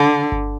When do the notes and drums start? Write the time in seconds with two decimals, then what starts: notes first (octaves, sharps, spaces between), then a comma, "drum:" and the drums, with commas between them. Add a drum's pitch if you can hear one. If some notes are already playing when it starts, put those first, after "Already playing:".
Already playing: D3
0.32 drum: kick G1